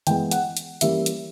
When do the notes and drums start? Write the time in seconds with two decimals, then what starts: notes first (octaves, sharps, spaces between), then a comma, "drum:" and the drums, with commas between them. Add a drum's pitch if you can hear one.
0.07 E3 G#3 B3 G5, drum: hi-hat
0.31 F#5, drum: hi-hat
0.57 drum: hi-hat
0.81 E3 G3 A#3 C#4 E5, drum: hi-hat
1.06 drum: hi-hat